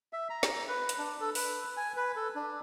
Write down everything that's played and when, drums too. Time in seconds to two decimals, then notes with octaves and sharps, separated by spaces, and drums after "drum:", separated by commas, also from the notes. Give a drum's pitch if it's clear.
0.13 E5
0.30 A#5
0.43 drum: snare
0.68 B4
0.89 drum: hi-hat
0.98 D4
1.21 A4
1.35 B4, drum: open hi-hat
1.77 G#5
1.96 B4
2.16 A4
2.35 D4